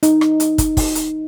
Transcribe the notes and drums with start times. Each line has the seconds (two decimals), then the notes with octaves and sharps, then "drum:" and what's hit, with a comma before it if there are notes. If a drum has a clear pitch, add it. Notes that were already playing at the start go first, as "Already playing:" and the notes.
0.03 D#4, drum: hi-hat
0.21 drum: rim click
0.40 drum: hi-hat
0.58 drum: kick, hi-hat
0.77 drum: kick, open hi-hat
0.95 drum: hi-hat